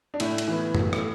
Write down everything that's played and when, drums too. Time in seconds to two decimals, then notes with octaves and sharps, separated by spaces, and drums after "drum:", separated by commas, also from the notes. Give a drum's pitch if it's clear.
0.14 D4
0.20 A2 E4, drum: cymbal
0.38 drum: cymbal
0.48 E3 B3
0.75 A2, drum: tom
0.93 drum: rim click